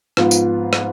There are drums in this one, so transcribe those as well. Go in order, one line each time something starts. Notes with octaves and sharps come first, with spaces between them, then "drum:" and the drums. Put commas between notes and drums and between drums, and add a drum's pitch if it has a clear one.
G#2 F3 B3 F4, drum: rim click
drum: tambourine
drum: rim click